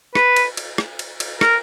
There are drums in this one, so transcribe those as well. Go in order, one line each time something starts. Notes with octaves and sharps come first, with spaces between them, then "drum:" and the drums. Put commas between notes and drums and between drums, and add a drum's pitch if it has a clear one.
B4, drum: rim click
drum: cymbal
drum: cymbal
drum: rim click
drum: cymbal
drum: cymbal
A#4, drum: rim click